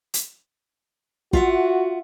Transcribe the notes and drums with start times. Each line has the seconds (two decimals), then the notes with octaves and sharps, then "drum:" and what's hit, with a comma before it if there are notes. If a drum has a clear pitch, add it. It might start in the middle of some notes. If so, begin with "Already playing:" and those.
0.14 drum: hi-hat
1.33 F4 F#4 E5 F#5, drum: kick